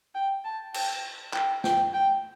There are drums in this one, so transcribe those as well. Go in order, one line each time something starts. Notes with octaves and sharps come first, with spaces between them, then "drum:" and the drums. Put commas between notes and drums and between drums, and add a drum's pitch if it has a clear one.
G5
A5
G5, drum: cymbal
G5, drum: clap
G5, drum: snare
G5